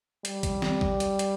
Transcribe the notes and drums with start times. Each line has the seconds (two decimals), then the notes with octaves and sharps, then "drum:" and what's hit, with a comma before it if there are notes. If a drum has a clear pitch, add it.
0.25 G3, drum: hi-hat
0.43 drum: kick, hi-hat
0.62 drum: snare
0.81 drum: kick
1.00 drum: hi-hat
1.19 drum: hi-hat